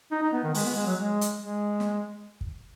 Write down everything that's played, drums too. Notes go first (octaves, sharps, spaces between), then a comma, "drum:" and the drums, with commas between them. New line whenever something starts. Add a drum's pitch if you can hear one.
D#4
D#4
B3
D#3
G#3, drum: open hi-hat
B3
G#3
F#3
G#3
drum: hi-hat
G#3
drum: snare
drum: kick